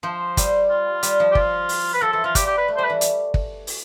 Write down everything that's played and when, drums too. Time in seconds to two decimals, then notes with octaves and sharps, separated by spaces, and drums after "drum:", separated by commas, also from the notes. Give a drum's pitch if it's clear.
0.03 F3 C5
0.37 G3, drum: kick, hi-hat
0.70 F4
1.03 G3, drum: hi-hat
1.20 F3
1.32 G4
1.35 F4, drum: kick
1.69 drum: open hi-hat
1.93 B4
2.02 F3 A4
2.13 E3 A4
2.24 F3 F4
2.35 G3 G4, drum: kick, hi-hat
2.46 G4
2.57 B4
2.68 A3
2.76 G3 C5
2.84 B4
2.90 E3
3.01 drum: hi-hat
3.34 drum: kick
3.67 drum: open hi-hat